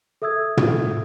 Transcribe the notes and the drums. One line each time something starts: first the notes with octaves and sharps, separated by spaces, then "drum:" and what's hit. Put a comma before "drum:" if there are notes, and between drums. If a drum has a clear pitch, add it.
A4 E5 D#6 E6 G#6
drum: tom